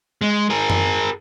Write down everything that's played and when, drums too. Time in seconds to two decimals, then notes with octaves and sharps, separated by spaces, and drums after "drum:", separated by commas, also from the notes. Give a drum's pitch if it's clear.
0.21 G#3
0.50 G#4 A#4
0.70 drum: tom F#2